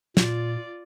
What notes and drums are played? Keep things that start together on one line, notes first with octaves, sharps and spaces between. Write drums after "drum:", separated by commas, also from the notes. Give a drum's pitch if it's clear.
A#2 F4 D5, drum: snare